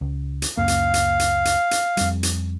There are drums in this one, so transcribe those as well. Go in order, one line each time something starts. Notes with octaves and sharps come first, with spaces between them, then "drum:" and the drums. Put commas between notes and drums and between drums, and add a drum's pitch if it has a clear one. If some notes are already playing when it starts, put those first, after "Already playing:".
C#2
drum: hi-hat
C#2 F#2 A#3 F5
drum: hi-hat
drum: hi-hat
drum: hi-hat
drum: hi-hat
drum: hi-hat
F2 G3, drum: hi-hat
drum: hi-hat